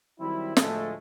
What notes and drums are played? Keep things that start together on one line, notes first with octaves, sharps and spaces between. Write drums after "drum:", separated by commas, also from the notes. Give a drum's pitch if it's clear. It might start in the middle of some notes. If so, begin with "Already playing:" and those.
D#3 F#3 G3 C4 E4
D2 A2 F3 G#3 A3, drum: snare